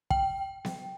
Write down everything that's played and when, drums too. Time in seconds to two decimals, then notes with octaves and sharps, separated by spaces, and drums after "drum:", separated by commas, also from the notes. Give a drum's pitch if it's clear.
0.10 G5, drum: kick
0.65 drum: snare B3